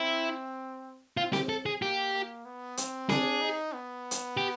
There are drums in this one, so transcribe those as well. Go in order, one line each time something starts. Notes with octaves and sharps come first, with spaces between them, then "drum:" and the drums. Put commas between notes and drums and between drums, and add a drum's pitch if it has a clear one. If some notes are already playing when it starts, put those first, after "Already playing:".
Already playing: C4 E4
C4 F4
G4, drum: snare C4
A4
G#4
A#3 G4
A#3
B3
C4, drum: hi-hat
D4 G#4, drum: snare C4
D#4
B3
drum: hi-hat
G4